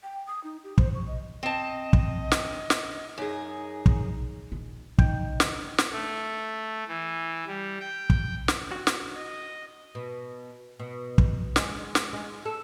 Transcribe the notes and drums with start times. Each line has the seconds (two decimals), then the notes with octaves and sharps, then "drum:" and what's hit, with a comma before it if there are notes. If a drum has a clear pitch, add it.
0.03 G5
0.27 D#6
0.44 D#4
0.64 G4
0.78 C5, drum: kick
0.95 C#6
1.07 D#5
1.43 C4 D#5 A5
1.93 drum: kick
2.32 drum: snare
2.70 drum: snare
3.18 F#2 D#4 G#4
3.86 drum: kick
4.52 A#1 D#3
4.98 C#3 D#4 G5, drum: kick
5.40 drum: snare
5.78 drum: snare
5.92 A3
6.88 E3
7.47 G3
7.80 G5
8.10 drum: kick
8.48 drum: snare
8.71 F#4
8.87 drum: snare
9.17 D#5
9.95 B2
10.79 B2
11.18 drum: kick
11.56 G#3, drum: snare
11.95 drum: snare
12.13 G#3
12.45 A4